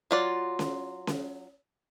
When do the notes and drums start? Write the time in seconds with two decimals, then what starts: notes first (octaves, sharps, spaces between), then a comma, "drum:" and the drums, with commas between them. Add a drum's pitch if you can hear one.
0.11 F#3 F4 D5
0.59 drum: snare C#4
1.07 drum: snare C#4